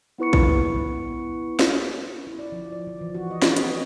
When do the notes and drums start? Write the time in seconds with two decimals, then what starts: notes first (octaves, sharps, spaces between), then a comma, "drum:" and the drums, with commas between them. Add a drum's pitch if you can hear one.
0.18 B3 E4 B4 C#6 C#7
0.33 drum: kick
1.59 drum: snare
2.27 E4
2.39 D5
2.52 F3
2.72 D5
2.87 F3
3.01 E3
3.15 F#4
3.31 D#5
3.42 B4, drum: snare
3.56 C4, drum: hi-hat
3.68 D#5